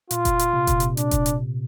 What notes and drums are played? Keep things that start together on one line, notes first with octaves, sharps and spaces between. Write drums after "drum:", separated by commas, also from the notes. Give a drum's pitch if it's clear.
A#2 F4, drum: hi-hat
drum: kick F1, hi-hat
drum: hi-hat
C3
A#2, drum: kick F1, hi-hat
C3, drum: hi-hat
D4, drum: hi-hat
drum: kick F1, hi-hat
drum: hi-hat